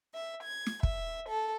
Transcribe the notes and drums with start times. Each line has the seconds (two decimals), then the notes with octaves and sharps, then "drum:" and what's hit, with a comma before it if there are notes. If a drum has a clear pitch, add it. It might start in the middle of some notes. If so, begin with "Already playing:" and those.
0.14 E5
0.43 G#6
0.66 drum: snare
0.83 E5, drum: kick
1.28 A4